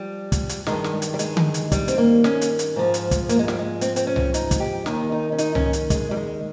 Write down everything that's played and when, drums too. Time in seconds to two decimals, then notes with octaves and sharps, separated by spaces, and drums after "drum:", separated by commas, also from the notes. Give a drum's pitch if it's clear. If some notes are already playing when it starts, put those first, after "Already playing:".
Already playing: F3 G3
0.32 drum: kick, hi-hat
0.49 drum: hi-hat
0.67 G2 D#3 G#3, drum: snare
0.84 drum: snare
1.02 drum: hi-hat
1.14 G3
1.19 G#3, drum: hi-hat
1.37 drum: tom D3
1.54 drum: hi-hat
1.72 G3, drum: kick, hi-hat
1.88 C4, drum: hi-hat
1.98 A#3
2.24 C#4, drum: snare
2.41 drum: hi-hat
2.59 drum: hi-hat
2.76 G#2 F3
2.94 drum: hi-hat
3.11 drum: kick, hi-hat
3.29 A#3, drum: hi-hat
3.39 G#3
3.48 G3, drum: snare
3.59 G#3
3.81 C4, drum: hi-hat
3.96 C4, drum: hi-hat
4.07 C#4
4.16 drum: tom C2
4.34 D#4, drum: hi-hat
4.51 drum: kick, hi-hat
4.60 G4
4.86 D#2 D#3 D#4, drum: snare
5.12 D#4
5.32 C#4
5.38 D#4, drum: hi-hat
5.55 C#4, drum: tom C2
5.73 drum: hi-hat
5.90 G#3, drum: kick, hi-hat
6.11 G3
6.17 G#3